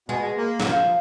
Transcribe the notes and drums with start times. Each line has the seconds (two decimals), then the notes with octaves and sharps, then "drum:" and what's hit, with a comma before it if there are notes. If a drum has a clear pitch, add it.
0.08 B2 G#3 B3
0.37 A#3
0.60 F#3, drum: snare
0.65 F3